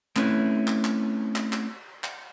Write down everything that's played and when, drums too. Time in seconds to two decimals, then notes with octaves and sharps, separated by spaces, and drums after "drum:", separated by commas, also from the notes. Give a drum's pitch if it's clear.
0.16 A3 C4 C#4 E4 B4, drum: clap
0.67 drum: clap
0.84 drum: clap
1.35 drum: clap
1.53 drum: clap
2.04 drum: clap